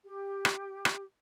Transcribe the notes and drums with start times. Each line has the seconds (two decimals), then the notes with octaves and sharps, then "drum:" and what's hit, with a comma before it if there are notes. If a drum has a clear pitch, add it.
0.05 G4
0.45 drum: rim click
0.85 drum: rim click